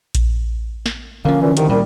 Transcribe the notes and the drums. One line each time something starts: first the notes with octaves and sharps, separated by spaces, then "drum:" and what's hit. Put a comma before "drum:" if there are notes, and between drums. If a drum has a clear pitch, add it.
drum: kick A#1, hi-hat
drum: snare
D3 F3 A#3 C#4
A#2 E3
C2 D#3, drum: hi-hat
A#2 G3 A#4